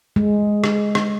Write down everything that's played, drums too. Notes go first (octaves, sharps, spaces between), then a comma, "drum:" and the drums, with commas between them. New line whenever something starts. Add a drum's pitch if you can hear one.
G#3
drum: rim click
drum: rim click